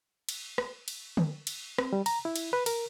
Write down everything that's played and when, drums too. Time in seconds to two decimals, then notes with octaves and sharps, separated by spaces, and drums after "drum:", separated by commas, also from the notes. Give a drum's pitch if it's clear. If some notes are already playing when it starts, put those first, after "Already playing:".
0.29 drum: cymbal
0.58 drum: rim click
0.88 drum: cymbal
1.17 drum: tom D3
1.47 drum: cymbal
1.78 C4, drum: rim click
1.93 G3
2.06 A#5, drum: cymbal
2.25 E4
2.36 drum: cymbal
2.53 B4
2.66 A#4, drum: cymbal